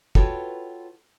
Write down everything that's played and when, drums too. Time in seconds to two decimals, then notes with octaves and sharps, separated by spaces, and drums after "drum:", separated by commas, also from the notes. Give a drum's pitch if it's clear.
0.15 F4 F#4 A4 B4 C#5 G5, drum: kick